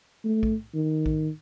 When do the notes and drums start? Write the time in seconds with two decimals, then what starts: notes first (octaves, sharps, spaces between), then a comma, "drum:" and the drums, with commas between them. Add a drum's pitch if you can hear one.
0.24 A3
0.43 drum: kick A#1
0.74 D#3
1.06 drum: kick A#1